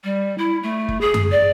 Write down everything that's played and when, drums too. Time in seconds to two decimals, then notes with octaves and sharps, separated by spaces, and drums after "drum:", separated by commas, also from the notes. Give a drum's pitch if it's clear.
0.04 G3
0.38 E4
0.63 A3
0.89 drum: kick
1.01 G#4
1.14 drum: tom F#2
1.32 D5